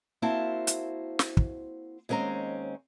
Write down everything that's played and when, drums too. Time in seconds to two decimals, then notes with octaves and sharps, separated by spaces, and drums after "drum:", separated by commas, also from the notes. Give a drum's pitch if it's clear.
0.22 A#3 C4 E4 F#4 C5 A5
0.67 drum: hi-hat
1.19 drum: snare
1.37 drum: kick
2.09 D#2 G#3 C4 C#4 A#5